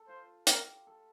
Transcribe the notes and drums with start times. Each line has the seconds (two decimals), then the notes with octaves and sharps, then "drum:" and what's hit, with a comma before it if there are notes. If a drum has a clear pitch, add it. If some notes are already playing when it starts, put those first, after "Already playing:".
Already playing: A4
0.08 F4 C5
0.47 G4 A#4, drum: hi-hat
0.87 A4